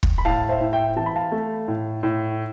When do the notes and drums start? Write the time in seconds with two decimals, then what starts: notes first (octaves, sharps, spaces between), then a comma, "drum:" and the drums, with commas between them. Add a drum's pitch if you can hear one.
0.03 drum: kick
0.18 B5
0.25 A2 F5 A5
0.49 C5 E5
0.61 A2
0.73 E5 G5
0.96 E3 A5
1.06 B5
1.16 F5 A5
1.32 A3
1.68 A2
2.03 A2